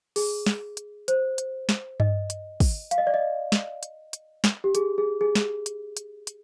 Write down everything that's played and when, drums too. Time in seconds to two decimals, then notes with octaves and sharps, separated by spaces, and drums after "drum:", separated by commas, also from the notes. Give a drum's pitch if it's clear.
0.16 G#4, drum: open hi-hat
0.46 drum: snare
0.77 drum: hi-hat
1.08 C5, drum: hi-hat
1.38 drum: hi-hat
1.69 drum: snare
2.00 D#5, drum: tom G2
2.30 drum: hi-hat
2.60 drum: kick, open hi-hat
2.91 F5, drum: hi-hat
2.98 D#5
3.07 D5
3.14 D#5
3.52 drum: snare
3.83 drum: hi-hat
4.13 drum: hi-hat
4.44 drum: snare
4.64 G4
4.75 G#4, drum: hi-hat
4.98 G#4
5.21 G#4
5.35 drum: snare
5.66 drum: hi-hat
5.97 drum: hi-hat
6.27 drum: hi-hat